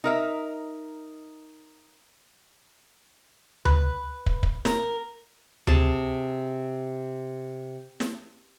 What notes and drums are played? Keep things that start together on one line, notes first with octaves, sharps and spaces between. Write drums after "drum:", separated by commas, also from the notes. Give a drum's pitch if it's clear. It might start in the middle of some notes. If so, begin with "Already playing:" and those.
D#4 A#4 E5
B4, drum: tom D2
drum: kick
drum: kick
A#4, drum: snare
C3 G#4 A5, drum: tom D2
drum: snare